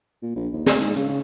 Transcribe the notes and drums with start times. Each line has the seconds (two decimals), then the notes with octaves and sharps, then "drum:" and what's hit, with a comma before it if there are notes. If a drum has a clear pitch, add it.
0.22 A#2
0.36 A#1
0.53 D#2
0.66 D2, drum: snare
0.80 G#2, drum: hi-hat
0.96 C#3, drum: hi-hat
1.09 C#3